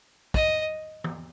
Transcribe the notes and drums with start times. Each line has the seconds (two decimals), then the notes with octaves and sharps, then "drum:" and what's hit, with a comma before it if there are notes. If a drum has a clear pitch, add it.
0.34 D#5, drum: kick
1.04 drum: tom